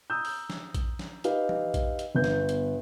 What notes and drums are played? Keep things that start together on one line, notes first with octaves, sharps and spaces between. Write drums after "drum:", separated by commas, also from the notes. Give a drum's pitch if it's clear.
A#5 D#6 E6 G6
drum: open hi-hat
drum: snare
drum: kick A#1, hi-hat
drum: snare
D#4 G4 B4 F5, drum: hi-hat
drum: tom E3
drum: kick A#1, hi-hat
drum: hi-hat
G1 B3 G6
drum: snare
drum: hi-hat